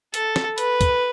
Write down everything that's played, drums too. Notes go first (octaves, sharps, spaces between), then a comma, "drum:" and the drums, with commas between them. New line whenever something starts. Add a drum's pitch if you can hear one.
A4, drum: hi-hat
drum: snare
B4, drum: hi-hat
drum: kick C#2, hi-hat